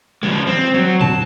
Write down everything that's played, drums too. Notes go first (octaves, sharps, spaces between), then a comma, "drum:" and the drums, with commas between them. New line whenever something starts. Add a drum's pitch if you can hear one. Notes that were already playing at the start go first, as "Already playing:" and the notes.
F3 G#3
C4
F#3
A5, drum: tom